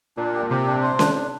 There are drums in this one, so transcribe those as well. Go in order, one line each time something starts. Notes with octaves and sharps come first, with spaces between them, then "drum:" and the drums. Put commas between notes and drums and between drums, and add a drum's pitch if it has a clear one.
A#2 D4
G4
C3 G4
D4
C5
D4, drum: snare C#4
D4